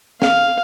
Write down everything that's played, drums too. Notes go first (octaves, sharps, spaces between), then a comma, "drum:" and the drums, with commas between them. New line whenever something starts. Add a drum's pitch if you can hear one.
F5, drum: snare